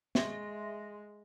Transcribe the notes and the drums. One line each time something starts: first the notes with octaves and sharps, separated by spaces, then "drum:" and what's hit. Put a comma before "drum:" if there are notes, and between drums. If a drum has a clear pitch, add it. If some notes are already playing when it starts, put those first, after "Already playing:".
G#3 E5 C6 A#6, drum: snare